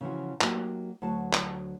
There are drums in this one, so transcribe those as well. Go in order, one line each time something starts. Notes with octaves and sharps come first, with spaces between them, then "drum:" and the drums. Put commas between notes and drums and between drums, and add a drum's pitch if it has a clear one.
C#3 E3 F3 F#4
F#3 A#3 D#4 F#4 G4, drum: clap
D2 F#3 F#4 A5
drum: clap